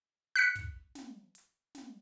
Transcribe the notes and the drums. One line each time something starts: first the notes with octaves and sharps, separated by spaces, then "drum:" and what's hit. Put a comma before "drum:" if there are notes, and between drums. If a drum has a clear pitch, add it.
F#6 B6 C#7
drum: kick, hi-hat
drum: snare
drum: hi-hat
drum: snare